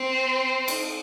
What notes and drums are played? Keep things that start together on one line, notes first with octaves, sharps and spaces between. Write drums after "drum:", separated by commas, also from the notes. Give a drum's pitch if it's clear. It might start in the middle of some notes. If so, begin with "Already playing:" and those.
Already playing: C4
drum: cymbal